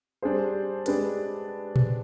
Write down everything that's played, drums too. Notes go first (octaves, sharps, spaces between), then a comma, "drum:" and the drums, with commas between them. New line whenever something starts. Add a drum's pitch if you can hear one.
G3 D4 G#4 C5
G#3 D4 G4 B4, drum: hi-hat
drum: tom A#2